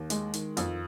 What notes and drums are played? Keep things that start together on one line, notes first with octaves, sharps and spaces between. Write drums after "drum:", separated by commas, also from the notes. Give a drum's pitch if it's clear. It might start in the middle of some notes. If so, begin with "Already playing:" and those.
Already playing: D#2
G#3, drum: hi-hat
D#3, drum: hi-hat
F2, drum: hi-hat